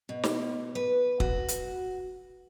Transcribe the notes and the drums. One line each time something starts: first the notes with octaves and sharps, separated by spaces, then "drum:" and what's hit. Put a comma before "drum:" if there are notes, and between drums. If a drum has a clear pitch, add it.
B2
drum: snare
B4
F#4, drum: kick
drum: hi-hat